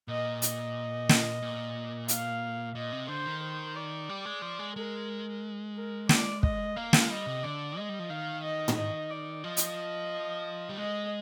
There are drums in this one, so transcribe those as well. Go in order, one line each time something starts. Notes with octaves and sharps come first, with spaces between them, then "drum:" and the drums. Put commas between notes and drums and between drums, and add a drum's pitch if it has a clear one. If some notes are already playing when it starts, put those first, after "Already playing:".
A#2 D#5
D#5, drum: hi-hat
drum: snare
A#2
F5, drum: hi-hat
A#2 D#5
C3
D3 C5
D#3
C5
D5
G3
G#3
F3
G#3
G#3 A#4
A#4
D5, drum: snare
D#5, drum: kick
A#3 F5
G#3, drum: snare
G3 D#5
C3
D3 D5
G#3 D#5
G3
F3
D#3 F5
D#5
drum: tom
D#5
D5
F3 D#5
drum: hi-hat
G3
G#3 D#5